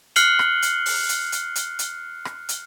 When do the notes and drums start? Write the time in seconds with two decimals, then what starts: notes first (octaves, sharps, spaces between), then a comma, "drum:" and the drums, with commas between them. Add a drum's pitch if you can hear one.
0.16 F6 F#6 C7 C#7 F#7 G7, drum: hi-hat
0.39 drum: rim click
0.62 drum: hi-hat
0.86 drum: open hi-hat
1.09 drum: hi-hat
1.32 drum: hi-hat
1.55 drum: hi-hat
1.79 drum: hi-hat
2.25 drum: rim click
2.49 drum: hi-hat